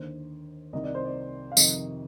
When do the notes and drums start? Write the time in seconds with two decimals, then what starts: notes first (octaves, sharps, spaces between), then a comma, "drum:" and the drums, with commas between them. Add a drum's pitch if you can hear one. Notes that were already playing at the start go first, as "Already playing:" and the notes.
Already playing: D#2 D3 C5
0.73 C2 C3 D#3 D#5
0.84 D5
0.95 C5
1.05 D5
1.52 F5
1.57 F2 C3 D#3 D#5, drum: tambourine